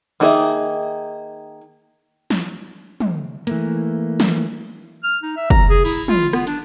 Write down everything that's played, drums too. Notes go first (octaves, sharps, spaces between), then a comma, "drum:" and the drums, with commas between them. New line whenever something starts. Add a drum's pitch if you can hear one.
D#3 A#3 D#4 G#4 E5
drum: snare
drum: tom
E3 A3 A#3, drum: hi-hat
drum: snare
F6
D#4
E5
A#5, drum: kick
G#4
E4, drum: cymbal
F4, drum: tom
B3, drum: rim click
D4, drum: hi-hat